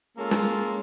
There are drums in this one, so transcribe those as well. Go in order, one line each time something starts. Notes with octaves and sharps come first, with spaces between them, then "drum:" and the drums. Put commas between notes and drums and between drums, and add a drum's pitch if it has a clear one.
G#3 A#3 C#4 F4 A4
drum: snare